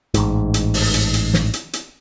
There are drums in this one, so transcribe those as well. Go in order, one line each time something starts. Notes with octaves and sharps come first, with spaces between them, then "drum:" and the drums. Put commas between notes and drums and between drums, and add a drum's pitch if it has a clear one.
A1 G#2, drum: hi-hat
drum: hi-hat
drum: open hi-hat
drum: hi-hat
drum: hi-hat
drum: snare
drum: hi-hat
drum: hi-hat